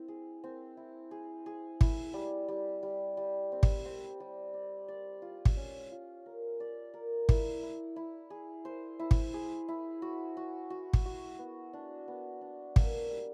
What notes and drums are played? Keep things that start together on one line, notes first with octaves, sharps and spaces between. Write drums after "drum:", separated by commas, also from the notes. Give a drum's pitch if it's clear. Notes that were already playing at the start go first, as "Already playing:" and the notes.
Already playing: C4 E4
G#4
C4
E4
G#4
G#4
E4, drum: kick G#1
G3
G3
G3
G3
C4
drum: kick G#1
C4
G3
D5
D5
F4
drum: kick G#1
C#4
F4
A#4
D5
A#4
E4, drum: kick G#1
E4
E4
G#4
C5
E4
drum: kick G#1
G#4
E4
F#4
F#4
F#4
drum: kick G#1
F#4
B3
D4
B3
D4
A#3, drum: kick G#1
G3